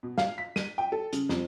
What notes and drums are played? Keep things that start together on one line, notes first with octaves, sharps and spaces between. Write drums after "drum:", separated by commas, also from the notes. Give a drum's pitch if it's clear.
B2
F5, drum: snare
B6
D#7, drum: snare
G5
A4
C#3, drum: hi-hat
F2, drum: snare